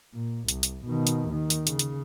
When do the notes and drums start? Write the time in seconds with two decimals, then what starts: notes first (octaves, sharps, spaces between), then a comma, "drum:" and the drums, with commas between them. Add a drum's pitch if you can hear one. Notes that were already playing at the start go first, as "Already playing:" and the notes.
0.14 A#2
0.48 C2, drum: hi-hat
0.63 drum: hi-hat
0.85 B2 D#3
1.07 drum: hi-hat
1.29 D#2 D#3
1.50 drum: hi-hat
1.67 C#3, drum: hi-hat
1.79 drum: hi-hat